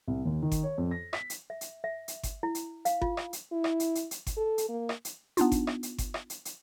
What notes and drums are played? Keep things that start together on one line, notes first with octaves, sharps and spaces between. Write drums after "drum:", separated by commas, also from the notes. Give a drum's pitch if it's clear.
C2
D#2
D#3
drum: kick G1, hi-hat
C#5
F2
A#6
B6, drum: rim click
drum: hi-hat
E5
drum: hi-hat
E5
drum: hi-hat
drum: kick G1, hi-hat
E4
drum: hi-hat
F5, drum: hi-hat
F4, drum: kick G1
drum: rim click
drum: hi-hat
E4
drum: rim click
drum: hi-hat
drum: hi-hat
drum: hi-hat
drum: kick G1, hi-hat
A4
drum: hi-hat
A#3
drum: rim click
drum: hi-hat
B3 D4 D#4 F4, drum: hi-hat
drum: kick G1, hi-hat
drum: rim click
drum: hi-hat
drum: kick G1, hi-hat
drum: rim click
drum: hi-hat
drum: hi-hat